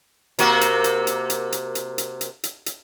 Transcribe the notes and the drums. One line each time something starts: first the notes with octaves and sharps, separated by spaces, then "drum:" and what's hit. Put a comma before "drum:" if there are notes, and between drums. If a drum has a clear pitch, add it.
C3 A#3 F#4, drum: hi-hat
drum: hi-hat
drum: hi-hat
drum: hi-hat
drum: hi-hat
drum: hi-hat
drum: hi-hat
drum: hi-hat
drum: hi-hat
drum: hi-hat
drum: hi-hat